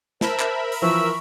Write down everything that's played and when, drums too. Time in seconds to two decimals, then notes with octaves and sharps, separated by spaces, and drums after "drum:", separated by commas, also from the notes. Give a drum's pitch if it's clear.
0.21 A#4 C5 E5 A5 B5, drum: snare
0.39 drum: clap
0.72 drum: open hi-hat
0.82 E3 F3 C#6 E6